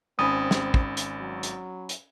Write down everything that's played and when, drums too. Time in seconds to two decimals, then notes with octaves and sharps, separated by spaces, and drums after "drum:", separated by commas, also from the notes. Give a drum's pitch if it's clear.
0.19 G#1 C4 C#4 G#5 B5 D#6
0.51 drum: snare
0.74 drum: kick
0.97 drum: hi-hat
1.20 F#3
1.43 drum: hi-hat
1.89 drum: hi-hat